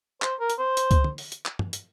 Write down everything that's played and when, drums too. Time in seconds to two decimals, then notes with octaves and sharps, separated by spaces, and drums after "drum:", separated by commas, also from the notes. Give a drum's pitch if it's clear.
0.22 C5, drum: clap
0.40 A#4
0.50 drum: hi-hat
0.59 C5
0.77 drum: hi-hat
0.91 drum: kick C#2, hi-hat
1.04 drum: tom D3
1.18 drum: open hi-hat
1.32 drum: hi-hat
1.46 drum: clap
1.59 drum: tom
1.73 drum: hi-hat